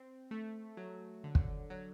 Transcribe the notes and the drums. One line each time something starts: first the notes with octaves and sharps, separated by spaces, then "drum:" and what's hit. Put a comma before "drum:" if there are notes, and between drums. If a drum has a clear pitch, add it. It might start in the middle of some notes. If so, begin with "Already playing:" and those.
Already playing: C4
A3
F#3
D3
drum: kick
F#3